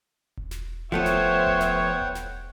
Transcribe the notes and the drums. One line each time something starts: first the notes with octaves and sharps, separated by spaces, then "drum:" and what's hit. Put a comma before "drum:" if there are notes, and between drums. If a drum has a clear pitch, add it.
drum: kick E1
drum: snare
F3 A3 B3 C5 C#5 E5 F#5 G5, drum: kick E1
drum: snare
drum: kick E1
drum: snare
drum: kick E1
drum: snare